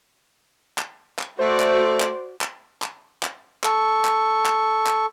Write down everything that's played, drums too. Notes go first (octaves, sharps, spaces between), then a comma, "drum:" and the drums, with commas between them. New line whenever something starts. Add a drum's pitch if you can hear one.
drum: clap
drum: clap
A3 F#4 C5 D5
drum: clap
drum: clap
drum: clap
drum: clap
drum: clap
A4 C#6, drum: clap
drum: clap
drum: clap
drum: clap